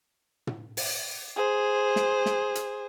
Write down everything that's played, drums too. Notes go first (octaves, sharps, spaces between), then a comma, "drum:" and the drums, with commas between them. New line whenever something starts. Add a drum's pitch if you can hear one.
drum: tom
drum: open hi-hat
G#4 C5
drum: snare
drum: snare
drum: hi-hat